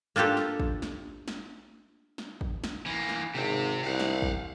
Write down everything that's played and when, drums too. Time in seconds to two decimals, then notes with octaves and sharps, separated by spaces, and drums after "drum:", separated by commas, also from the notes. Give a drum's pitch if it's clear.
0.16 A#3 D4 F4 G4 A4
0.37 drum: snare
0.60 drum: kick
0.82 drum: snare
1.28 drum: snare
2.18 drum: snare
2.41 drum: kick
2.64 drum: snare
2.86 E3 A#3
3.09 drum: snare
3.34 G#1 C3 C4
3.84 C2 F5 F#5
4.00 drum: snare
4.22 drum: kick